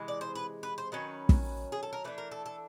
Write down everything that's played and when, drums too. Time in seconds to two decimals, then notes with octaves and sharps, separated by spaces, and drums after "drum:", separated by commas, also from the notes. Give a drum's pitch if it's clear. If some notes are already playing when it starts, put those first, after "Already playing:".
Already playing: C3 E3 G#3
0.08 D5
0.21 C5
0.35 B4
0.63 B4
0.78 C5
0.92 D#3 F#3 C#4 B4
1.29 drum: kick
1.72 G#4
1.83 A4
1.93 A#4
2.04 E3 A3 D4 B4
2.18 A#4
2.32 A4
2.46 A4